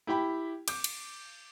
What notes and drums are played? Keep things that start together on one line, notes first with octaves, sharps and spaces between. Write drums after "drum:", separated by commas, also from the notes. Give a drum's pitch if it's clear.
E4 G4 G5 B5
D6 G6, drum: cymbal
drum: cymbal